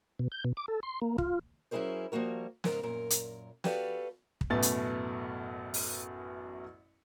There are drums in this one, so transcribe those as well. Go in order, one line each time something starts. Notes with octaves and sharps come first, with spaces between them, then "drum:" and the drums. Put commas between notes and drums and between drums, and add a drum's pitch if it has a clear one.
B2
G6
B2
D6
A4
C6
A#3
F4, drum: kick
F#3 C#4 E4 G#4 A#4 C5
F3 G3 A#3 F#4 A#4
G#2 C#3 A#4 A#5, drum: snare
F#2 A#2 A#4
drum: hi-hat
F#4 G4 A4 B4 D5 F5, drum: snare
drum: kick
A1 F#2 B2 A3 B3 A6
drum: hi-hat
drum: open hi-hat